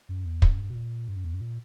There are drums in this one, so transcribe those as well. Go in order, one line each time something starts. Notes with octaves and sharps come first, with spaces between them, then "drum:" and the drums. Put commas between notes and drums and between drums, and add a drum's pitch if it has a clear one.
F#2
E2
F#2, drum: kick
G2
B2
A#2
G2
F#2
E2
F#2
A#2